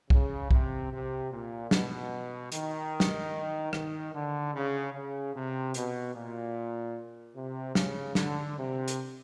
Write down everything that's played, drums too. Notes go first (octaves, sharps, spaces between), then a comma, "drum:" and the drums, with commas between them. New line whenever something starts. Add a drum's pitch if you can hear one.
C#3, drum: kick B1
C3, drum: kick B1
C3
A#2
B2, drum: snare
D#3, drum: hi-hat
drum: snare
D#3, drum: rim click
D3
C#3
C#3
C3
B2, drum: hi-hat
A#2
C3
C#3, drum: snare
D3, drum: snare
C3
drum: hi-hat